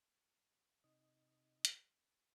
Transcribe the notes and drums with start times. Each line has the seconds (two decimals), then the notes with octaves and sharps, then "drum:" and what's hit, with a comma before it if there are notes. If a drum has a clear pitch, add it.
0.84 C3 D#4 D#5
1.65 drum: hi-hat